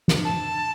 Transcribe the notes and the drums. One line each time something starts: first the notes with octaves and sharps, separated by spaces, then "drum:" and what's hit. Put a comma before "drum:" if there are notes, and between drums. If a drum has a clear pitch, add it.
drum: snare
A5